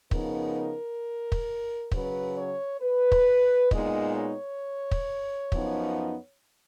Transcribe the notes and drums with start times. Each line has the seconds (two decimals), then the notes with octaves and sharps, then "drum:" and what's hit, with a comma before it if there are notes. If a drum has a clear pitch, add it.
0.11 C#3 F3 B3 D#4 A#4, drum: kick
1.32 drum: kick
1.92 C#3 F#3 C#4 B4, drum: kick
2.37 C#5
2.81 B4
3.12 drum: kick
3.71 A#2 G#3 B3 D#4 D#5, drum: kick
4.16 C#5
4.91 drum: kick
5.52 F#2 F3 B3 D#4, drum: kick